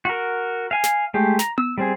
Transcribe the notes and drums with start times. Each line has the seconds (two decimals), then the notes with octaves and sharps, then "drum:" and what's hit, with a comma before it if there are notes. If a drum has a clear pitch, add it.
0.05 F#4 A#4
0.71 F5 G#5
0.84 drum: snare
1.14 G#3 A3 G4
1.39 A#5, drum: snare
1.58 E6, drum: tom B3
1.78 G3 C4 G#4